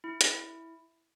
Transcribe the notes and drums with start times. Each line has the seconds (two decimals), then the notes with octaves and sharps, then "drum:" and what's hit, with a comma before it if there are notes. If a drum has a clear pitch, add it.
0.04 E4
0.21 drum: hi-hat